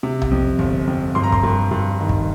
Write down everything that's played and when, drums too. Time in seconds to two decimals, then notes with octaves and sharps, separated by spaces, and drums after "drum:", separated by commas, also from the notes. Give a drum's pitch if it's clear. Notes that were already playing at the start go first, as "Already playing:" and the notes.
0.03 C3
0.21 drum: tom B1
0.31 F2
0.59 G1, drum: kick
0.87 F2
1.15 G2 C6
1.24 A#5
1.32 C6, drum: kick
1.43 G2
1.71 G2
2.00 D#3
2.09 drum: kick